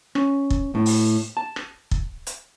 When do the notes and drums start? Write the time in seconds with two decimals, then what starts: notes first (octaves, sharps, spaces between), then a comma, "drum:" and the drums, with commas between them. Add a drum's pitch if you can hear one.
0.15 C#4, drum: rim click
0.50 drum: kick
0.75 A2
0.86 drum: open hi-hat
1.37 A5
1.56 drum: rim click
1.91 drum: kick
2.27 drum: hi-hat